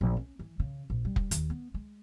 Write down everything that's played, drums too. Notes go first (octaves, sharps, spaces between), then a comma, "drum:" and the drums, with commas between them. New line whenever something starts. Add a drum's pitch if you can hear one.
A#1
C#4
E3
C#3
A#1
G3
drum: kick
D#2, drum: hi-hat
B3
G#3